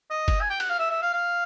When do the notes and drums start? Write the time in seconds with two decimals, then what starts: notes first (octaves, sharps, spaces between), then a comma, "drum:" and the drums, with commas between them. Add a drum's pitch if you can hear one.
0.10 D#5
0.28 drum: kick F#1, cymbal
0.41 G#5
0.50 G5
0.60 F#5, drum: cymbal
0.70 F5
0.79 E5
0.90 E5
1.02 F5
1.13 F5